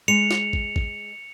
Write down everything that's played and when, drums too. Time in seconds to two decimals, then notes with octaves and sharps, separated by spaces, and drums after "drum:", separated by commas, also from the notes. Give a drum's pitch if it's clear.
0.08 G#3 C#7 F7
0.31 drum: snare
0.53 drum: kick
0.76 drum: kick